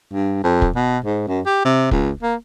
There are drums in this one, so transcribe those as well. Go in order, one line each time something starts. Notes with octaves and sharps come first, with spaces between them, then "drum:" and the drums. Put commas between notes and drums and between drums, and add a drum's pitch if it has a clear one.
G2
F2
drum: kick
B2
G#2
F#2
G4
C3
C#2, drum: kick
A#3